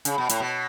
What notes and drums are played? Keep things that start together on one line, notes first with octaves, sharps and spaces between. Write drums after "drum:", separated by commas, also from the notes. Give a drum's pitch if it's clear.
C#3, drum: hi-hat
B2
A2, drum: hi-hat
B2